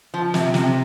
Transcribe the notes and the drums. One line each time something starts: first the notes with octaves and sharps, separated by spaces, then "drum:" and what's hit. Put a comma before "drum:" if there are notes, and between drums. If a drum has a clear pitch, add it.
F3
C3, drum: snare
C3, drum: snare